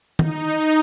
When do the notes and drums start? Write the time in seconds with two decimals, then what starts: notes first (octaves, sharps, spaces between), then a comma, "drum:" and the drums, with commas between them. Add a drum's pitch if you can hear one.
0.19 D#4, drum: tom